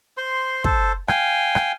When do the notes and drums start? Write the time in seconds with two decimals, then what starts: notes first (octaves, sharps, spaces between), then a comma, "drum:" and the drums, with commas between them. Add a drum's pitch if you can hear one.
0.17 C5 C6
0.64 A4 C5, drum: kick
1.08 F5 G5 G#5, drum: rim click
1.55 drum: rim click